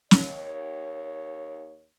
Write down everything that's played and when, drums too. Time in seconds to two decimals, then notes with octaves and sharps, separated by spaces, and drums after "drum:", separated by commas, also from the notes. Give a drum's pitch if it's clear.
0.11 D#2 C#5, drum: snare